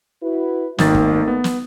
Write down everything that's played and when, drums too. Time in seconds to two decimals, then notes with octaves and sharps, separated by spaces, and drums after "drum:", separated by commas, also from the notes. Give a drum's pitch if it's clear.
0.22 E4 F#4 B4
0.78 G#1 D#3 A3 A#3 D#4 A6, drum: snare
0.95 drum: kick
1.28 B3
1.44 drum: snare